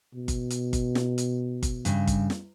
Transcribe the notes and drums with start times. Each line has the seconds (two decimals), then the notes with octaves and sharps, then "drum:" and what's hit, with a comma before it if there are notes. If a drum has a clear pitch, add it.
0.15 B2
0.28 drum: kick G1, hi-hat
0.50 drum: hi-hat
0.73 drum: kick G1, hi-hat
0.95 drum: snare
1.18 drum: hi-hat
1.63 drum: kick G1, hi-hat
1.85 G2 C#3, drum: hi-hat
2.07 drum: kick G1, hi-hat
2.30 drum: snare